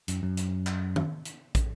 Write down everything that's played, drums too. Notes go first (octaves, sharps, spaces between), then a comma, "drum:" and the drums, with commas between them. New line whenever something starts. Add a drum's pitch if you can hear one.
F#2, drum: hi-hat
F#2
drum: hi-hat
drum: clap
drum: tom D#3
drum: hi-hat
drum: kick, hi-hat